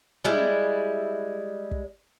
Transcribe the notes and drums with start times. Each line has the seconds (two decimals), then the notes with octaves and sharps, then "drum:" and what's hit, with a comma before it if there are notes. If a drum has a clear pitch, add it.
0.24 G3 G#3 E4, drum: tom
1.71 drum: kick